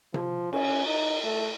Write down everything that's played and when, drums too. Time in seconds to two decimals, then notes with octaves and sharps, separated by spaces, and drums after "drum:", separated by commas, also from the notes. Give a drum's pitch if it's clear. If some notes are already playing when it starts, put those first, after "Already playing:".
0.14 F3, drum: tom C3
0.53 C#4, drum: cymbal
0.86 D#4
1.23 A3